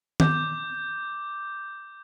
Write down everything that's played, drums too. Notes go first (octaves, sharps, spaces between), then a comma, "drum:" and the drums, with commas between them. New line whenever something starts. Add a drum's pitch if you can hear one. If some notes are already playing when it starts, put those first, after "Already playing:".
D6 G6, drum: tom D#3